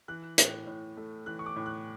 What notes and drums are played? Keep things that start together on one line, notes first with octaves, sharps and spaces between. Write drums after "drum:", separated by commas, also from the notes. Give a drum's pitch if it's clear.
E3 F#6
A2, drum: hi-hat
A2
A3
E3 F#6
C#6
D6
A2
F#6